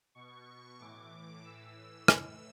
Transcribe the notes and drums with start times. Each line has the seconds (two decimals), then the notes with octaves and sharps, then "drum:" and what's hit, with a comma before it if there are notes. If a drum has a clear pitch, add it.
0.15 B2 C#6
0.80 A2 E3 D6
1.44 A2 E3 E6
2.08 A2 E3, drum: rim click